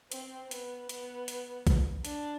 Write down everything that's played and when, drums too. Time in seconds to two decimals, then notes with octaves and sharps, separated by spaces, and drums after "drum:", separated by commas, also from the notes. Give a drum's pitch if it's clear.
0.12 C4, drum: hi-hat
0.51 B3, drum: hi-hat
0.89 B3, drum: hi-hat
1.28 drum: hi-hat
1.67 drum: kick A#1, hi-hat
2.05 D4, drum: hi-hat